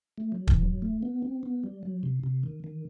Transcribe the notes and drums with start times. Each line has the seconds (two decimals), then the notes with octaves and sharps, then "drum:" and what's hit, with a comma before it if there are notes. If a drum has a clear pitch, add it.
0.18 A3
0.32 F#3
0.47 E3, drum: kick
0.62 F#3
0.82 A3
1.03 B3
1.22 C4
1.43 B3
1.64 G3
1.83 F#3
2.03 C3
2.24 C3
2.43 D#3
2.64 D#3